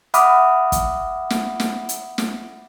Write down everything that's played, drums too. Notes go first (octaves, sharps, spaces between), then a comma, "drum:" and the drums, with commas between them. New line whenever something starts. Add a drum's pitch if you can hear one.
E5 F#5 B5 D6 D#6 F6, drum: hi-hat
drum: kick, hi-hat
drum: snare
drum: snare
drum: hi-hat
drum: snare